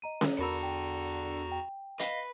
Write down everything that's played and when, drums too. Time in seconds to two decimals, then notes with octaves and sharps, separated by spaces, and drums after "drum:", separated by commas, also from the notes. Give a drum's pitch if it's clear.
0.02 D#5 A#5 D#7
0.21 drum: snare C#4
0.39 E2 D4 F#4 A4 A#4 A#5 B5 E6
0.63 G5
1.52 G5
2.00 B4 D#5 F5 B6, drum: hi-hat